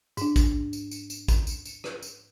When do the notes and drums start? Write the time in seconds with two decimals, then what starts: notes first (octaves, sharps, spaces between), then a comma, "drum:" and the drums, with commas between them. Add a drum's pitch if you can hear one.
0.17 G#2 D4, drum: tambourine
0.36 drum: kick, tambourine
0.73 drum: tambourine
0.91 drum: tambourine
1.10 drum: tambourine
1.28 drum: kick, tambourine
1.47 drum: tambourine
1.65 drum: tambourine
1.84 drum: rim click
2.03 drum: tambourine